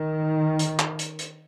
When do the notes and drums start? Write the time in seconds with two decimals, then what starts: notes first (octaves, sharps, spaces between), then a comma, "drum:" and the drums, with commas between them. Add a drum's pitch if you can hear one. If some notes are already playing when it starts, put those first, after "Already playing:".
Already playing: D#3
0.59 drum: hi-hat
0.79 drum: clap
0.99 drum: hi-hat
1.19 drum: hi-hat